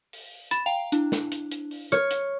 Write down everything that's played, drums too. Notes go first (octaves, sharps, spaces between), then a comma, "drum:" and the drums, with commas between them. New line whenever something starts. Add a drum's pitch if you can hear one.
drum: open hi-hat
B5 A6 E7, drum: hi-hat
F5 G5 A#5 F7
D4 E4, drum: hi-hat
drum: snare
drum: hi-hat
drum: hi-hat
drum: open hi-hat
C#5 F6 C#7, drum: hi-hat
drum: hi-hat